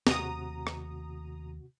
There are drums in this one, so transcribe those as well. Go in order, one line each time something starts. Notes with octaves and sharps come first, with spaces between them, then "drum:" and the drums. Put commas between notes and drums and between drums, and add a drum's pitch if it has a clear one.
D#2 C3 A3 F#4 A#5 D#6, drum: snare
drum: rim click